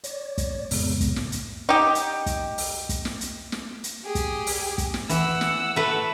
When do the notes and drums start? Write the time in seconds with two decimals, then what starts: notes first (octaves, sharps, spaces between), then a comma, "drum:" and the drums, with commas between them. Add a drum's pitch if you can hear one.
0.04 C#5 D5, drum: hi-hat
0.38 drum: kick, hi-hat
0.71 F2 A2 C#3 G#3 B3, drum: open hi-hat
1.01 drum: kick, hi-hat
1.16 drum: snare
1.32 drum: hi-hat
1.69 D#4 G4
1.95 drum: hi-hat
2.26 drum: kick, hi-hat
2.58 drum: open hi-hat
2.89 drum: kick, hi-hat
3.05 drum: snare
3.21 drum: hi-hat
3.52 drum: snare
3.84 drum: hi-hat
4.05 G4 G#4
4.15 drum: kick, hi-hat
4.47 drum: open hi-hat
4.78 drum: kick, hi-hat
4.94 drum: snare
5.09 E3 F#5 E6, drum: hi-hat
5.41 drum: snare
5.76 A3 B4